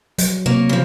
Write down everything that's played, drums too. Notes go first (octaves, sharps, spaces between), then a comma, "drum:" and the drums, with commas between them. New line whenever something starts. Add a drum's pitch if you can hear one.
F#3, drum: hi-hat
C3 A#3 C#5
C#3 F3